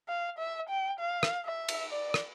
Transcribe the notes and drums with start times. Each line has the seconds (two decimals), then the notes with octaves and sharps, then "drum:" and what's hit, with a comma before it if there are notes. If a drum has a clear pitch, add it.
0.08 F5
0.39 E5
0.69 G5
1.00 F5
1.23 drum: rim click
1.46 E5
1.68 drum: cymbal
1.91 D5
2.14 drum: rim click